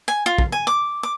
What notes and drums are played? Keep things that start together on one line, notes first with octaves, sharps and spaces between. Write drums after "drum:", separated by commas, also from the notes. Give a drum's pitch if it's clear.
G#5
F4
drum: kick
G#5
D6
D6